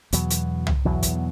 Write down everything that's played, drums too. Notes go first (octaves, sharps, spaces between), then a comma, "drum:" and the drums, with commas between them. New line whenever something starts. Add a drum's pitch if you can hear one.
E2 B2 F#3, drum: hi-hat
drum: hi-hat
drum: tom
E2 B2 F#3
drum: kick, hi-hat